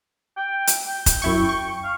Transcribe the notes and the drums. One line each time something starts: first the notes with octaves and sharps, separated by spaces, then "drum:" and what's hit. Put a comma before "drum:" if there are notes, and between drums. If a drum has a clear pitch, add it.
G5
drum: hi-hat
G5
drum: kick F1, hi-hat
F#2 E4 C#6
C#6
F5